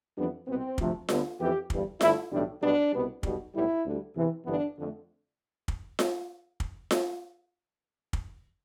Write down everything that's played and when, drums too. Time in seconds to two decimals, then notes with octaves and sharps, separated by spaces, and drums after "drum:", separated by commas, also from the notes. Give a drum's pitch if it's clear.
0.16 F2 E3 G3 B3 D4
0.47 C2 B2 B3 C4
0.78 D2 C3 F3 A3, drum: kick
1.09 D2 D3 G3 B3, drum: snare F4
1.39 F2 E3 B3 G4
1.70 G1 G2 E3 G3, drum: kick
2.01 G2 D3 A3 E4, drum: snare F4
2.31 B1 A2 E3 G3 D4
2.61 B1 B2 G3 B3 D4
2.92 C2 B2 G3 B3
3.23 B1 B2 G3, drum: kick
3.54 B1 A2 G3 B3 E4
3.84 D2 D3 G3
4.14 E2 C3 E3
4.45 G1 G2 E3 B3 D4
4.76 F2 D3 A3
5.68 drum: kick
5.99 drum: snare F4
6.60 drum: kick
6.91 drum: snare F4
8.13 drum: kick